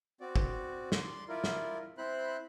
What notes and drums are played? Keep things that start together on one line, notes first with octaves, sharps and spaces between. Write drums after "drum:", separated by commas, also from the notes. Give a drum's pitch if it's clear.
C4 F#4 D5
drum: kick
D5 C6, drum: snare
E4 F4 A#4 D5
drum: snare
C4 E4 C5 B5 F#6